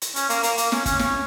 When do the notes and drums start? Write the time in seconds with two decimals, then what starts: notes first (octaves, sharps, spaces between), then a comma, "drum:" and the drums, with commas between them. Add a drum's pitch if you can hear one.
0.02 drum: hi-hat
0.16 C#4, drum: hi-hat
0.30 A#3, drum: hi-hat
0.43 A#3, drum: hi-hat
0.58 A#3, drum: hi-hat
0.72 C#4, drum: snare
0.86 C#4, drum: kick, hi-hat
0.99 C#4, drum: snare